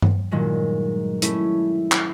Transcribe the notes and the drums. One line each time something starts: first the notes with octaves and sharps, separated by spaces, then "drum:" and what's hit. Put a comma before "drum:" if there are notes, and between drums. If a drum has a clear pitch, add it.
drum: tom G2
G2 A#2 D#3 F#3 G#3
A3 C#4 E4, drum: hi-hat
drum: clap